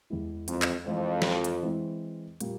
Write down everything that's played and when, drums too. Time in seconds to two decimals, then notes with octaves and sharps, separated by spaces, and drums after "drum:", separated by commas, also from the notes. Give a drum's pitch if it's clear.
0.10 E2 E3 G#3 E4
0.48 F2, drum: hi-hat
0.62 drum: clap
0.86 F2 E3 G#3 C4
1.22 drum: snare
1.44 drum: hi-hat
1.63 E3 G#3 C4 E4
2.41 A#2 G3 A#3, drum: hi-hat